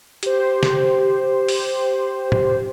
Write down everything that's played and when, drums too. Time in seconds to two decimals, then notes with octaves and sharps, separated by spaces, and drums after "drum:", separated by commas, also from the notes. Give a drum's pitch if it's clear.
0.23 G4 C5, drum: hi-hat
0.63 drum: snare
1.49 drum: open hi-hat
2.32 drum: tom A2